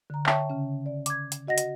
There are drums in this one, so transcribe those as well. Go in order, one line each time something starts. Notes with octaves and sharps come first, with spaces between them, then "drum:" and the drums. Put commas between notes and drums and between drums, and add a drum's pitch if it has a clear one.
D3 A#5
C#5 E5 G5 A5 C#6, drum: clap
C#3 C#4
D5
D6 G#6, drum: hi-hat
drum: hi-hat
F#4 D#5 F#5 A#6
drum: hi-hat